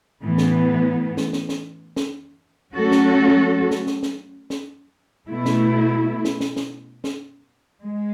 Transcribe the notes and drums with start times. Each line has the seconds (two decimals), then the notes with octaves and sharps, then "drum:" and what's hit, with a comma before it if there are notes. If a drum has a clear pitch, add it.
0.22 A2 E3 B3
0.38 drum: snare
1.17 drum: snare
1.33 drum: snare
1.49 drum: snare
1.96 drum: snare
2.76 F#3 A3 C#4 F#4 A4
2.92 drum: snare
3.71 drum: snare
3.87 drum: snare
4.03 drum: snare
4.50 drum: snare
5.29 B2 A3 E4
5.45 drum: snare
6.25 drum: snare
6.40 drum: snare
6.56 drum: snare
7.04 drum: snare
7.83 G#3